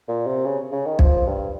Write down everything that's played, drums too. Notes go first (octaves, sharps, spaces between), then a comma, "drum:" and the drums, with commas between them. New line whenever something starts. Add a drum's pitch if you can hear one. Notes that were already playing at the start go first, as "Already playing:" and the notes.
A#2
C3
C#3
C#3
D#3
F3, drum: kick B1
G2